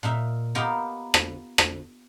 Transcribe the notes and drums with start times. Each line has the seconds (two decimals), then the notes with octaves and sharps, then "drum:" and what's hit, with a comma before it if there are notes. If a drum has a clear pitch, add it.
0.03 A#2 D#4 E5
0.55 B3 D#4 F4 G4 A#4
1.14 drum: rim click
1.58 drum: rim click